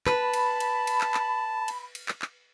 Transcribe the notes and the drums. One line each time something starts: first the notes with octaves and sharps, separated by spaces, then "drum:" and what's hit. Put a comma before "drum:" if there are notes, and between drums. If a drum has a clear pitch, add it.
B4 A5 B5, drum: clap
drum: cymbal
drum: cymbal
drum: cymbal
drum: clap
drum: clap
drum: cymbal
drum: cymbal
drum: clap
drum: clap